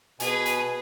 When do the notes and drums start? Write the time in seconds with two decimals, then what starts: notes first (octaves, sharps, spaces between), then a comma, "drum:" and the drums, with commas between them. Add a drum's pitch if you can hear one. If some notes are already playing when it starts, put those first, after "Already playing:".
0.20 B2 G#4 B4 G#5, drum: hi-hat
0.46 drum: hi-hat